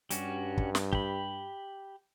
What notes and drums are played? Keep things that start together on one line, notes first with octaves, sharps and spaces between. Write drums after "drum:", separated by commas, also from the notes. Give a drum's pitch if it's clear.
G2 G3 C#4 F#4, drum: hi-hat
drum: kick
drum: snare
G4 B5, drum: kick